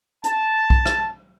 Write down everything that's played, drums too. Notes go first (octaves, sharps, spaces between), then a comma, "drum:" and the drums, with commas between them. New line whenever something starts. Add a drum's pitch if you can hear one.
A5, drum: hi-hat
drum: kick B1
drum: rim click